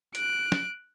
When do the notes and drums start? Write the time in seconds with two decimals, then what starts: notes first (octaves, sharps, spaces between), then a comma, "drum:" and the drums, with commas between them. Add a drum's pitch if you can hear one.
0.15 F#6 D7, drum: hi-hat
0.52 drum: snare